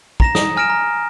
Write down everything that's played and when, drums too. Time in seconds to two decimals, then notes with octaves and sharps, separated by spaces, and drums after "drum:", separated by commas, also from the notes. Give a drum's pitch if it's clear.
0.20 A#5 A#6 E7, drum: kick
0.35 D#6, drum: snare
0.57 G#5 F6 A#6 D7 E7
0.70 A#5